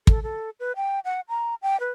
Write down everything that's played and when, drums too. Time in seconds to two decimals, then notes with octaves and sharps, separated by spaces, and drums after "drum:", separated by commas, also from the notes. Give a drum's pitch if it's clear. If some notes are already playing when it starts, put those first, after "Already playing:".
0.07 A4, drum: kick
0.23 A4
0.60 B4
0.76 G5
1.05 F#5
1.29 A#5
1.62 G5
1.80 B4